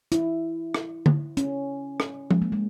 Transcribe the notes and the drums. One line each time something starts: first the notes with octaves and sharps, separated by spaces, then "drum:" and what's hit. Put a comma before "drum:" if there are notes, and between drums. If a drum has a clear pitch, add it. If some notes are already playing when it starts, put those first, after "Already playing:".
E4, drum: hi-hat
drum: rim click
drum: tom D3
C#4, drum: hi-hat
drum: rim click
G#3, drum: tom F3
A#3
G#3